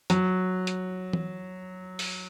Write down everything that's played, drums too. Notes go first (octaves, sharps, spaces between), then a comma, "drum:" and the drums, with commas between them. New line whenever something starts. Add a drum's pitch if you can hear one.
F#3, drum: hi-hat
drum: hi-hat
drum: tom E3
drum: open hi-hat